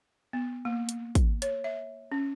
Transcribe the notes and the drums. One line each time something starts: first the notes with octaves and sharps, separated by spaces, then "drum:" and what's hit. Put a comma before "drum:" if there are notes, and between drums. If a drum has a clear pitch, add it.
B3
A#3
drum: hi-hat
drum: kick, hi-hat
C#5, drum: hi-hat
E5
C#4